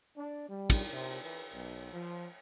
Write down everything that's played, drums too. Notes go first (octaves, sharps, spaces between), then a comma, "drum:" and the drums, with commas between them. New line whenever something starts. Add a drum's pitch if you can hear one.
D4
G3
drum: kick, cymbal
C3
E3
B1
F3